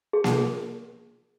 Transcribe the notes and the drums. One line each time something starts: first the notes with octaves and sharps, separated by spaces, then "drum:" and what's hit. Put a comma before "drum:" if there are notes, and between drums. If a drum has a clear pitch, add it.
G#4
drum: snare A#3